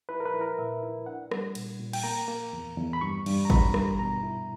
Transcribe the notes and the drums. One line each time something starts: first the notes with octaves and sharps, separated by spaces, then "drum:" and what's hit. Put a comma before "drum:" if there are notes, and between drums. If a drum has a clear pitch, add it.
E4 B4
A#4
B4
E4
A#4
A#2 E5
E4
D4 F#5
G3, drum: rim click
A#2, drum: cymbal
A#2
G5, drum: cymbal
A#3 A#5
A#3
E2
E2
B5
G2 C#6
G2, drum: cymbal
A#5
E3 B5, drum: kick G#1
G2, drum: rim click
B2 A#5
E4